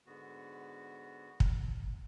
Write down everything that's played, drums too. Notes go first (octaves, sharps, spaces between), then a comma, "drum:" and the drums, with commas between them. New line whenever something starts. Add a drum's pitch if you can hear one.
G#2 D3 B3 F#4
drum: kick